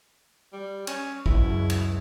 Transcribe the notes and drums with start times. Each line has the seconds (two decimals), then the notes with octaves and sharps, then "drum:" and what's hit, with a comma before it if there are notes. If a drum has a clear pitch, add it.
0.53 G3
0.87 C#4, drum: cymbal
1.26 C#2 F#2 B2 E4, drum: kick
1.70 drum: cymbal